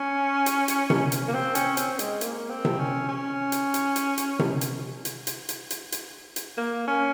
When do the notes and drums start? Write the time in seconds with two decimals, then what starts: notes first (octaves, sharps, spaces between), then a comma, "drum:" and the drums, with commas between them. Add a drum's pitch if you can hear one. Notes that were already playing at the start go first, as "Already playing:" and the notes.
Already playing: C#4
0.46 drum: hi-hat
0.68 drum: hi-hat
0.90 drum: tom C3
1.12 drum: hi-hat
1.28 A#3
1.34 C4
1.55 C#4, drum: hi-hat
1.77 C4, drum: hi-hat
1.99 G#3, drum: hi-hat
2.21 A#3, drum: hi-hat
2.50 C4
2.65 drum: tom C3
2.79 C#4
3.08 C#4
3.52 drum: hi-hat
3.74 drum: hi-hat
3.96 drum: hi-hat
4.18 drum: hi-hat
4.39 drum: tom C3
4.61 drum: hi-hat
5.05 drum: hi-hat
5.27 drum: hi-hat
5.49 drum: hi-hat
5.70 drum: hi-hat
5.92 drum: hi-hat
6.36 drum: hi-hat
6.58 A#3
6.87 C#4